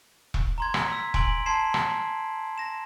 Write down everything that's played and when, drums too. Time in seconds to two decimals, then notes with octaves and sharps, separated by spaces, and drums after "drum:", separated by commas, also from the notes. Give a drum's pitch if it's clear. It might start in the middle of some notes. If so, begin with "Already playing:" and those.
0.34 drum: kick E1
0.58 A#5 C6 G#6
0.74 drum: rim click
0.88 E6 B6
1.14 G#5 C6 D7 F#7, drum: kick E1
1.46 A5 C6 G#6 C7 E7
1.74 drum: rim click
2.58 A#6 E7